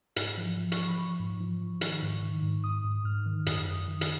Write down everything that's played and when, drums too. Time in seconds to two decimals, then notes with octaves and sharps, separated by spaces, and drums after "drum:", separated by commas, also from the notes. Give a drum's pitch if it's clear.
0.16 G#2, drum: hi-hat
0.38 F3
0.57 F3
0.72 C#6, drum: hi-hat
0.79 F3
0.88 B5
0.99 F3 C#6
1.20 G#2
1.41 F3
1.61 F3
1.81 D#3, drum: hi-hat
2.03 G#2
2.23 D#3
2.43 G#2
2.64 G#2 D#6
2.84 G#2
3.05 G#2 F6
3.26 D#3
3.46 F#2 D#6, drum: hi-hat
3.67 F#2
3.88 D#3
4.01 drum: hi-hat